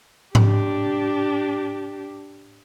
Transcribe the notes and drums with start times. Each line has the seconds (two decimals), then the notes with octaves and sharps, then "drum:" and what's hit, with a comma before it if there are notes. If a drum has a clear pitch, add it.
0.35 D4 G4, drum: tom G#2